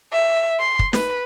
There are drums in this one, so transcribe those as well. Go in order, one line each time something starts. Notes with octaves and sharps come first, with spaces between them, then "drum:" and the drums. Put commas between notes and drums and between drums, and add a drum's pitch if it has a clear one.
E5
C6
drum: kick
B4, drum: snare